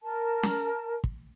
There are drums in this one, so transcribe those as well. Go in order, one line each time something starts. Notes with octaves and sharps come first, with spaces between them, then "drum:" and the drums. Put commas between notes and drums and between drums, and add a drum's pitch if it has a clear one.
A#4 A5
drum: snare
drum: kick